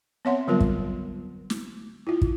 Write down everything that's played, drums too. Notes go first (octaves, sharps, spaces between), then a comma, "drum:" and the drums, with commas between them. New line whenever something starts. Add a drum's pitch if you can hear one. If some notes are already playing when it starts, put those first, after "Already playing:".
B3 C4 C#5 E5 F#5 C6
D3 F#3 G3 B3 F4 A#4
drum: kick
drum: snare
E4 F4
drum: kick